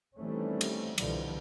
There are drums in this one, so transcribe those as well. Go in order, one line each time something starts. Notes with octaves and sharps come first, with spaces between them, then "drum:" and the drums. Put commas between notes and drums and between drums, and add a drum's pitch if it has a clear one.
D#3 E3 G3 A3 C4 C#4
drum: cymbal
C2 B2 D3 E3 F3 G3, drum: cymbal